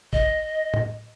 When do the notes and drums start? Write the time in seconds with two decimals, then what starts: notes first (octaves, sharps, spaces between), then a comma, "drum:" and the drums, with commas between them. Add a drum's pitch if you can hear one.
0.13 D#5, drum: kick A1
0.74 drum: tom A2